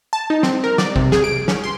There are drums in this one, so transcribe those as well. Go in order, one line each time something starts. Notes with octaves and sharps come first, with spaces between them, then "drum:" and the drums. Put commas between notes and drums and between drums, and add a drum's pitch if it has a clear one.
A5
D#4
C4, drum: snare
A#4
D5, drum: snare
C3, drum: kick
G#4, drum: snare
D7
C#4, drum: snare
C6